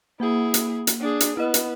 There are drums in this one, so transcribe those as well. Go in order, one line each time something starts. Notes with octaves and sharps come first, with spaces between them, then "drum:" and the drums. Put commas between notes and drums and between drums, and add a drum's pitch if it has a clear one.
A#3 E4 G#4 F#5
drum: hi-hat
drum: hi-hat
D4 G#4
drum: hi-hat
B3 E4 D#5
drum: hi-hat